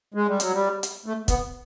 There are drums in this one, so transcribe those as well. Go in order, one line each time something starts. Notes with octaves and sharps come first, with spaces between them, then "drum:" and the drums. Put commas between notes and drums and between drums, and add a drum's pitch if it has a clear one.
G#3
G3
F#3, drum: hi-hat
G3
drum: hi-hat
A3
B3, drum: kick, hi-hat